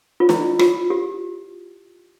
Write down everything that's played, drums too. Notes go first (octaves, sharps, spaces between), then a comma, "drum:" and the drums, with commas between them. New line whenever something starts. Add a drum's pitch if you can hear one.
F4
E4, drum: snare
F4, drum: rim click
G4